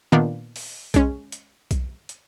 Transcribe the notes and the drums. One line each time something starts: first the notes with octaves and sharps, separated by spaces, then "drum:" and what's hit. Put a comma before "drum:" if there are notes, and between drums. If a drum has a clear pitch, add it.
A#2 D#3 B3 D4 F5
drum: open hi-hat
G#3 C#4, drum: kick B1, hi-hat
drum: hi-hat
drum: kick B1, hi-hat
drum: hi-hat